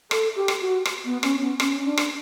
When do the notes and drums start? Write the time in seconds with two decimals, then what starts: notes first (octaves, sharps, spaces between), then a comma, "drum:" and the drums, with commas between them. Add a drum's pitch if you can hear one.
0.11 A4, drum: rim click
0.36 G4
0.48 drum: rim click
0.61 F#4
0.85 drum: rim click
1.05 B3
1.23 C#4, drum: rim click
1.41 B3
1.60 C#4, drum: rim click
1.85 D4
1.97 drum: rim click